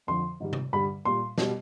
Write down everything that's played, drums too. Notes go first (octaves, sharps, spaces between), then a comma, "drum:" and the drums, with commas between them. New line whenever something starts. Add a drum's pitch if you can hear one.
F2 D3 F3 C6
G#2 D#3 G3
drum: tom C3
G2 D3 G3 B5
A#2 G3 C6
B2 G3, drum: snare